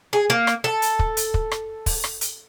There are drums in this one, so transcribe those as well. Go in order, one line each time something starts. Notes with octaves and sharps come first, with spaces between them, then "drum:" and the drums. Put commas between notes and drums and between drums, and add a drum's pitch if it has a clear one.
G#4
A#3
drum: rim click
A4
drum: hi-hat
drum: kick
drum: hi-hat
drum: kick
drum: rim click
drum: kick, open hi-hat
drum: rim click
drum: hi-hat